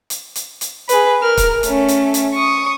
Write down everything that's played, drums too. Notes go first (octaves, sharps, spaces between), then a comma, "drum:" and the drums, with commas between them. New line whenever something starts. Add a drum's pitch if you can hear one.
drum: hi-hat
drum: hi-hat
drum: hi-hat
G#4 B4, drum: hi-hat
A#4 F6
drum: kick C#1, hi-hat
A3 C#4, drum: hi-hat
drum: hi-hat
drum: hi-hat
C#6 D#6